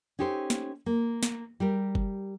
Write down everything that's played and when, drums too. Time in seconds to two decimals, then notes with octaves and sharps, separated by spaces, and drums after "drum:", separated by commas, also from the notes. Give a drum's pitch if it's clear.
0.19 C#4 D#4 G4 A4 C5
0.50 drum: snare
0.86 A#3
1.23 drum: snare
1.60 G3 G4 A#4
1.95 drum: kick F#1